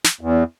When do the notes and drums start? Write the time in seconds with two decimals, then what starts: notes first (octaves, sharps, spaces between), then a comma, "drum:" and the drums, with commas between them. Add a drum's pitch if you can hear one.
0.04 drum: snare
0.21 E2